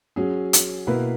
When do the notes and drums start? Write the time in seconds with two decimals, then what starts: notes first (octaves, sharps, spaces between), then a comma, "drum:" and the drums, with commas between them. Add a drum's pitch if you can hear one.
0.16 F#3 C#4 G#4
0.53 drum: hi-hat
0.87 B2 A#3 E4 B4